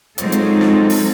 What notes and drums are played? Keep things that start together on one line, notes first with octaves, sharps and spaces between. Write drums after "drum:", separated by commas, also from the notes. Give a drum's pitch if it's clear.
F#3 G#3 C4 D#4 F4 A4, drum: hi-hat
drum: hi-hat
drum: snare
drum: open hi-hat